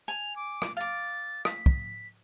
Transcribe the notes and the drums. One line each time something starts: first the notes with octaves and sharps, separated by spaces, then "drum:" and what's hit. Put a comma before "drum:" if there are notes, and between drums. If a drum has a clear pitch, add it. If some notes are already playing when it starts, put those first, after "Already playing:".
G#5 F7
D6
drum: rim click
F5 D6 A6
B6, drum: rim click
drum: kick